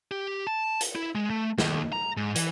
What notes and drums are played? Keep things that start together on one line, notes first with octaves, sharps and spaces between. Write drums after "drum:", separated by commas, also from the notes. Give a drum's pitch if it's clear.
G4
A5
drum: hi-hat
E4
G#3
A3
D#2, drum: snare
A#5
G#2
E3, drum: hi-hat